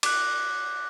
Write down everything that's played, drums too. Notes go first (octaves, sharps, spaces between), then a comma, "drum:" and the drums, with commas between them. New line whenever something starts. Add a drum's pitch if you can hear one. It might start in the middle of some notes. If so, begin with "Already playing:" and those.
D6 F#6, drum: cymbal